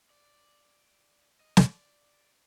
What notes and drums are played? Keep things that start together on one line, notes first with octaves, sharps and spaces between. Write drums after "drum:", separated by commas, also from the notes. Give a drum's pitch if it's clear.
D5
D#5
D5, drum: snare